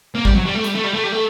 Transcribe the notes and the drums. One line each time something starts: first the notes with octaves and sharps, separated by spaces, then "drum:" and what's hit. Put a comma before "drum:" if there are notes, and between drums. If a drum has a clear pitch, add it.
A#3
G3, drum: kick
F#3
G3
A3
G3, drum: hi-hat
A3
G3
A3
G3
A3